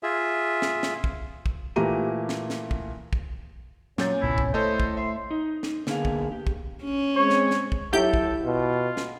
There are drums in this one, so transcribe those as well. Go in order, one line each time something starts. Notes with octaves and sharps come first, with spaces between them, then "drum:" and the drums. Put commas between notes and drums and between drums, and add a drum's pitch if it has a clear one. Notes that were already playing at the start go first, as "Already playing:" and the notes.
F4 G#4 E5
drum: snare
drum: snare
drum: kick
drum: kick
A#2 E3 A3 G4 A#5 D#7
drum: snare
drum: snare
drum: kick
drum: kick
A#2 F#3 A#3 C#4 G6 A6, drum: snare
G#1 C#2 B2 E4
drum: kick
A2 A3 A4 C5 C#5 D#5
drum: kick
E5 C6
D#4
drum: snare
D3 A#3 B3 D4 G#4 F5, drum: snare
drum: kick
G4
drum: kick
C#4
G#3 C4 C#5 C#6
drum: snare
drum: snare
drum: kick
F#3 E4 G4 A4 E5 G6
drum: kick
B2 F4
drum: snare